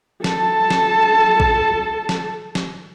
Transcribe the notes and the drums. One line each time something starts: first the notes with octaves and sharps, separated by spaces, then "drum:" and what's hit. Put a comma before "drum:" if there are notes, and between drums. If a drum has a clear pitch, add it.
A4 A5, drum: snare
drum: snare
drum: kick A#1
drum: snare
drum: snare